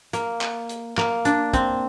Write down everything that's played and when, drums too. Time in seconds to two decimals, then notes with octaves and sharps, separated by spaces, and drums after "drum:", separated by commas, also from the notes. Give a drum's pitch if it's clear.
0.13 A#3, drum: hi-hat
0.41 drum: clap
0.69 drum: hi-hat
0.98 A#3, drum: clap
1.25 D4, drum: hi-hat
1.53 C4, drum: kick, hi-hat